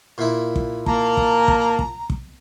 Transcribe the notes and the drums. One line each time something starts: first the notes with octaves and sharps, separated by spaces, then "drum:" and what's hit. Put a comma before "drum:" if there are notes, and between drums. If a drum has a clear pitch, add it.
A#2 E4
drum: kick
A#3 A5 A#5, drum: kick
drum: kick
drum: kick
drum: kick
drum: kick